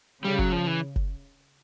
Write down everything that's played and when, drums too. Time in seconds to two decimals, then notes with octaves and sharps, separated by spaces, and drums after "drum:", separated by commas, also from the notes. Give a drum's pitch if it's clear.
0.24 C#3 G3
0.39 F#3, drum: kick F#1
0.52 F3
0.67 E3
0.96 drum: kick F#1